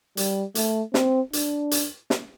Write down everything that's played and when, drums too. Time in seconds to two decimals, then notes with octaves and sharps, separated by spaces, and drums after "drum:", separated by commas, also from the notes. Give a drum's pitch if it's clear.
0.17 G3, drum: hi-hat
0.55 A3, drum: hi-hat
0.94 C4, drum: snare
1.33 D4, drum: hi-hat
1.71 drum: hi-hat
2.10 drum: snare